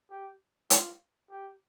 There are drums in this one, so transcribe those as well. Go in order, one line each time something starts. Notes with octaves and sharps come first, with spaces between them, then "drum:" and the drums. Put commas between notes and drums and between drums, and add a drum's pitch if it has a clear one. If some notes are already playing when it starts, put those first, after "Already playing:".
G4
F4, drum: hi-hat
G4